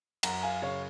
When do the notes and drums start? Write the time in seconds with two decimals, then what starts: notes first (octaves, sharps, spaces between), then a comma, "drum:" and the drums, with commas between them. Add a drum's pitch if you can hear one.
0.23 F#2 F#5 A#5, drum: cymbal
0.43 F5 G#5
0.62 C#3 C#5 F5